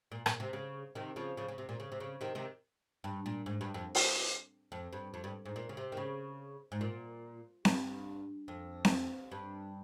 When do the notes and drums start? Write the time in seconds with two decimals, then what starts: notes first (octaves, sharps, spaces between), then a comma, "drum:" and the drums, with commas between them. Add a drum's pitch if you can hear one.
0.12 A#2
0.26 A#2, drum: rim click
0.40 C3
0.53 C#3
0.95 C3 D#3
1.16 C#3 F3
1.37 C#3 F3
1.48 C#3
1.58 C3
1.69 A#2
1.80 C#3
1.92 C3
2.00 C#3
2.21 C3 D#3
2.35 C3 D#3
3.04 G2
3.26 A#2
3.46 G#2
3.61 G2
3.74 F2
3.95 drum: open hi-hat
4.72 F2
4.93 G2
5.14 F2
5.24 G2
5.45 G#2
5.56 A#2
5.69 C#3
5.77 C3
5.92 D#3
5.97 C#3
6.72 G#2
6.81 A#2
7.65 G2, drum: snare C4
8.48 F2
8.85 drum: snare C4
9.32 G2